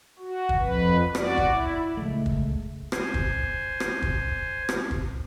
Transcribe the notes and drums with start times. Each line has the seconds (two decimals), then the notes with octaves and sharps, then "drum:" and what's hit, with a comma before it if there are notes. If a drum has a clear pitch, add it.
0.19 F#4
0.49 drum: kick
0.59 F2 B4
1.15 F#4 D5, drum: rim click
1.37 drum: kick
1.48 E4
1.97 C#2 G#3 A3
2.26 drum: kick
2.92 C5 G#5, drum: rim click
3.14 drum: kick
3.80 drum: rim click
4.02 drum: kick
4.69 drum: rim click
4.91 drum: kick